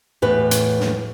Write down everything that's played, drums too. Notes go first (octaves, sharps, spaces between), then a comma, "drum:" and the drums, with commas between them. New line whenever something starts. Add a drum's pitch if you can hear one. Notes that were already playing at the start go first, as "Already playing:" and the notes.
E2 A2 B4
drum: hi-hat
drum: snare